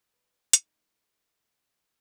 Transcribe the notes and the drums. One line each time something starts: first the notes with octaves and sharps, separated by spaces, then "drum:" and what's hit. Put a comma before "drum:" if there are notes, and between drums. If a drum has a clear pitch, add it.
B4 D5
A3 D#4, drum: hi-hat